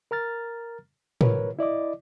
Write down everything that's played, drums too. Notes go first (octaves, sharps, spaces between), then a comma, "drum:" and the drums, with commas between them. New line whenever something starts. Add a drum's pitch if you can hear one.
A#4 A#5 F6 A6
A#4 B4 C#5, drum: tom A2
E4 D5 D#5 D6